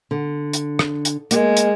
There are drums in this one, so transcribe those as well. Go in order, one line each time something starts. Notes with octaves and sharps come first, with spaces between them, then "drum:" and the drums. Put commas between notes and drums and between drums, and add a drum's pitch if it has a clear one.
D3
drum: hi-hat
drum: rim click
drum: hi-hat
G#3 A#3, drum: hi-hat
drum: hi-hat